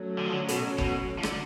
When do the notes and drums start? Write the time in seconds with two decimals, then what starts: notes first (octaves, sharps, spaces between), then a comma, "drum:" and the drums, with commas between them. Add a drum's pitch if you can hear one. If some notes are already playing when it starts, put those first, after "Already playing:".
Already playing: F#3 A3 C#4 F#4
0.19 D3
0.26 F3
0.33 D3
0.48 B2, drum: hi-hat
0.78 B2, drum: kick
1.18 F3
1.23 D3, drum: rim click